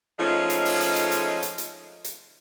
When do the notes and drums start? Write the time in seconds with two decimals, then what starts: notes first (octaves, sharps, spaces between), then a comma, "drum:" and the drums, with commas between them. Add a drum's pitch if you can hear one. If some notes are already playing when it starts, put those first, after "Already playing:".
0.19 F3 G#3 A3 C#4 D#4
0.50 drum: hi-hat
0.65 drum: open hi-hat
0.81 drum: hi-hat
0.96 drum: hi-hat
1.12 drum: hi-hat
1.43 drum: hi-hat
1.58 drum: hi-hat
2.04 drum: hi-hat